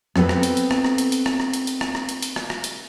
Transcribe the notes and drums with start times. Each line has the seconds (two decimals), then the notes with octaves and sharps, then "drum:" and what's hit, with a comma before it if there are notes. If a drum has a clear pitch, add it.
0.16 B3 C4 A4 B4, drum: rim click
0.29 drum: rim click
0.43 drum: hi-hat
0.57 drum: hi-hat
0.71 drum: rim click
0.85 drum: rim click
0.98 drum: hi-hat
1.12 drum: hi-hat
1.26 drum: rim click
1.40 drum: rim click
1.54 drum: hi-hat
1.67 drum: hi-hat
1.81 drum: rim click
1.95 drum: rim click
2.09 drum: hi-hat
2.22 drum: hi-hat
2.36 drum: rim click
2.50 drum: rim click
2.64 drum: hi-hat